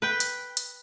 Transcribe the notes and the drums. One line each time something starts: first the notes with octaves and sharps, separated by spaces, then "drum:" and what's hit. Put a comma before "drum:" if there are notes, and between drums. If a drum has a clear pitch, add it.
B4 G5
drum: hi-hat
drum: hi-hat